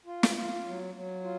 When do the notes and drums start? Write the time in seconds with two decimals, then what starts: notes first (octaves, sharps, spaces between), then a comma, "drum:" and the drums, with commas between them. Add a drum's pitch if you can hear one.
0.06 F4
0.23 drum: snare
0.35 F4
0.64 F#3
0.95 F#3
1.23 F4